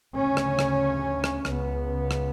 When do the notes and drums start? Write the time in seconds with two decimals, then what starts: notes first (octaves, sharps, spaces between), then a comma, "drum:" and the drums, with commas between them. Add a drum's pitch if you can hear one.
0.15 D2 C#3 C#4
0.37 drum: rim click
0.59 drum: rim click
1.24 drum: rim click
1.45 C#2 C#3 B3, drum: rim click
2.11 drum: rim click